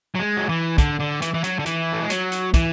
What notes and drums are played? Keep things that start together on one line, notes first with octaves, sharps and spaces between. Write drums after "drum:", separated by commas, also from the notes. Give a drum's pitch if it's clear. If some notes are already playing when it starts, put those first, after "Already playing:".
F#3
G#3
F#3
E3
D3, drum: kick, hi-hat
D3
E3, drum: hi-hat
E3
F#3, drum: hi-hat
D3
E3, drum: hi-hat
A3
G#3
F#3, drum: hi-hat
drum: hi-hat
E3, drum: kick, hi-hat